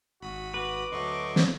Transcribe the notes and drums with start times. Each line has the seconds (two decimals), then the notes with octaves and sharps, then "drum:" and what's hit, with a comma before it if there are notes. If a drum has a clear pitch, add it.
0.21 G#1 F#4 B5 D#6
0.54 F#4 B4 D6
0.92 D2 F#3 A3 D#5 C6 C#6
1.36 drum: snare